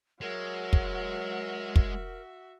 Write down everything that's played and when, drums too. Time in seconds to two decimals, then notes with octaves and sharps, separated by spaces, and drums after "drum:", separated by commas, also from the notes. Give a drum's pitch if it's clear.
0.21 F#3 G#3 F#4 A#4 E5
0.73 drum: kick
1.76 drum: kick